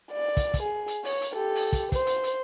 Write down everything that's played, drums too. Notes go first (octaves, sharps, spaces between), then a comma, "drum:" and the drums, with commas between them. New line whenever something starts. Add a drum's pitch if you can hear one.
D5
drum: kick, hi-hat
drum: kick, hi-hat
G#4
drum: hi-hat
C#5, drum: open hi-hat
drum: hi-hat
G4 A4
drum: open hi-hat
drum: kick, hi-hat
C5, drum: kick, hi-hat
drum: hi-hat
drum: hi-hat